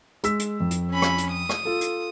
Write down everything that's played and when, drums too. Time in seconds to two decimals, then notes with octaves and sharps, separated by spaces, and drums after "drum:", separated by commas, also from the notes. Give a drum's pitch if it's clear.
0.24 G#3 E6 B6, drum: hi-hat
0.39 drum: hi-hat
0.60 F2
0.71 drum: hi-hat
0.91 C#4 B5
1.02 drum: rim click
1.18 drum: hi-hat
1.30 D#6
1.49 drum: rim click
1.65 F4 A4
1.81 drum: hi-hat